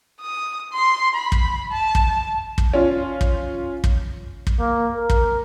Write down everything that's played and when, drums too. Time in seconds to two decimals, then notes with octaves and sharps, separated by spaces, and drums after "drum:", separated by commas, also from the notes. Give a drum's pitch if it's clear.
0.21 D#6
0.72 C6
1.14 B5
1.32 drum: kick
1.71 A5
1.95 drum: kick
2.58 drum: kick
2.73 C#4 F4
3.21 drum: kick
3.84 drum: kick
4.47 drum: kick
4.60 A#3
4.95 A#4
5.10 drum: kick